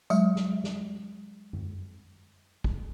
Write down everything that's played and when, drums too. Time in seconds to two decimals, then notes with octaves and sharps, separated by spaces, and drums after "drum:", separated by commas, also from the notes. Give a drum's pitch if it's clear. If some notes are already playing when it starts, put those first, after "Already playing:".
0.10 F#3 G#3, drum: tambourine
0.36 drum: snare
0.64 drum: snare
1.53 drum: tom F#2
2.64 drum: kick